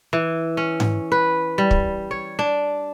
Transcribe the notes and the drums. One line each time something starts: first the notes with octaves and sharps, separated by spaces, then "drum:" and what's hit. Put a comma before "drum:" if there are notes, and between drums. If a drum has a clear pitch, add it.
E3
C#4
drum: tom G#2
B4
G3
drum: kick
C#5
D4